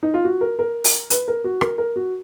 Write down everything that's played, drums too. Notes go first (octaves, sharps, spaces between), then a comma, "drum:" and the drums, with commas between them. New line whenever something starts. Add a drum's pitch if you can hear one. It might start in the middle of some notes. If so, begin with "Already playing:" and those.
D#4
F4
F#4
A#4
A#4
drum: open hi-hat
B4, drum: hi-hat
A#4
F#4
A#4, drum: rim click
A#4
F#4